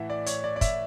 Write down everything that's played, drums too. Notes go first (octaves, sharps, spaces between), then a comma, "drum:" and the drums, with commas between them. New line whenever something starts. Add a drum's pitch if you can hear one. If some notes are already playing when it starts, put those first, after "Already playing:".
Already playing: A2 E3 E5 F#5
D5
C#5, drum: hi-hat
D5
D5
E5, drum: kick, hi-hat